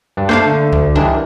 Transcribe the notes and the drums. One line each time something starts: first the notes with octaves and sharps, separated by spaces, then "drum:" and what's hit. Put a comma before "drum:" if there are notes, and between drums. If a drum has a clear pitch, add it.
G2 D4
A3 A#3 D4 C5 F5
D3
D2, drum: kick C2
D#3 E3 G3 D4, drum: kick C2